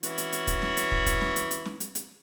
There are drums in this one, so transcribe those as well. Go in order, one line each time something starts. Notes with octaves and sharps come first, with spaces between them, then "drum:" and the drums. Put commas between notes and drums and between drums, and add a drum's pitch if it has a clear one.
E3 C#4 F#4, drum: hi-hat
drum: hi-hat
drum: hi-hat
drum: kick, hi-hat
drum: snare
drum: hi-hat
drum: kick
drum: kick, hi-hat
drum: snare
drum: hi-hat
drum: hi-hat
drum: snare
drum: hi-hat
drum: hi-hat